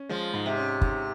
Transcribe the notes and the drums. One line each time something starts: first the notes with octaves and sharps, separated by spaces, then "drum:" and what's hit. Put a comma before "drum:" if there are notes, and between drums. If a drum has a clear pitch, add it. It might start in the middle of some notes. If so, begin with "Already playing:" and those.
Already playing: C#4
F3 G#3
G#2
C3
C#4
G#2, drum: kick